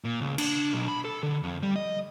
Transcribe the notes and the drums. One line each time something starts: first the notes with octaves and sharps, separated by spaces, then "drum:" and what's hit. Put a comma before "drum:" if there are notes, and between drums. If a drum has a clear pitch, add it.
A#2
C#2
D4, drum: cymbal
B1
B5
A4
D3
F2
G3
D#5